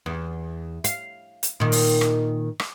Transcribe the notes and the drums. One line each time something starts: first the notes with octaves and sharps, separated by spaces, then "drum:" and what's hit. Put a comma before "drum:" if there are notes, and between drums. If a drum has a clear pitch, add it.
E2
F5, drum: hi-hat
drum: hi-hat
A#2 D#3
drum: open hi-hat
drum: rim click
drum: rim click